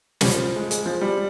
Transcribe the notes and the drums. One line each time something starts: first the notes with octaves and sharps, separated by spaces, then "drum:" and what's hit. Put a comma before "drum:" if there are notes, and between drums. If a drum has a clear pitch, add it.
G3, drum: snare
F3
G#3
G#3, drum: hi-hat
F3
G3